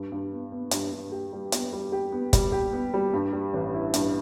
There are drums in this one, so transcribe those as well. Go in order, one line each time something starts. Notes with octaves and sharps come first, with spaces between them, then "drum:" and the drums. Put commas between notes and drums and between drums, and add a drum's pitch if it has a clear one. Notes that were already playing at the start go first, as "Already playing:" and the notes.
Already playing: G2
G2
B3
B3
G2, drum: hi-hat
G2
G4
G3
B3, drum: hi-hat
G3
G4
B3
G3, drum: kick, hi-hat
G4
B3
G3
G2
G3
A1
E4
G2, drum: hi-hat